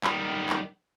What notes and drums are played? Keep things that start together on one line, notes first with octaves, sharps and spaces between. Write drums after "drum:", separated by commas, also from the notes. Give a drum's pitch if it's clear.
D#3 G3, drum: clap
drum: clap